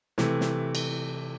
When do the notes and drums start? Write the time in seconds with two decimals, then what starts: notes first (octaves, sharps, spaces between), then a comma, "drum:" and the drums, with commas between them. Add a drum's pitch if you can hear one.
0.18 C3 E3 A3, drum: snare
0.41 drum: snare
0.75 drum: cymbal